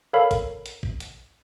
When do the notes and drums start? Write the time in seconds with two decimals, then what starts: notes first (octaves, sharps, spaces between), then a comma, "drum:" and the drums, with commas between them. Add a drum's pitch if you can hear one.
0.13 A4 A#4 C#5 F5 B5
0.31 drum: kick, hi-hat
0.66 drum: hi-hat
0.83 drum: kick
1.00 drum: hi-hat